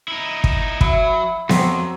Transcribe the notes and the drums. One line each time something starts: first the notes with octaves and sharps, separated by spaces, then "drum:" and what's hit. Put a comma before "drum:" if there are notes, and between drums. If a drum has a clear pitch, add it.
D#4 E4
drum: kick
F#3 E4, drum: kick
F2 F#3 C4, drum: snare B3